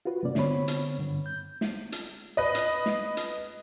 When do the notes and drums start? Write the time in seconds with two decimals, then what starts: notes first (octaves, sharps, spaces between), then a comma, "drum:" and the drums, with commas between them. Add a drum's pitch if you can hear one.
0.05 F4 F#4 B4
0.23 G2 C3 A#3 C#4 D5
0.35 D3 B3 C4 C#5 B5, drum: snare
0.68 drum: hi-hat
0.99 G2 D3
1.26 G6
1.61 drum: snare
1.92 drum: hi-hat
2.37 B4 D#5
2.55 drum: hi-hat
2.86 drum: snare
3.17 drum: hi-hat